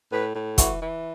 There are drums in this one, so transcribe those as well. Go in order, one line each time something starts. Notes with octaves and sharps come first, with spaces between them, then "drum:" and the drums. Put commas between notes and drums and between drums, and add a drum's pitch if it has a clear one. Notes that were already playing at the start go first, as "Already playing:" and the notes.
A2 B4
A2
E3 F#4, drum: kick, hi-hat
E3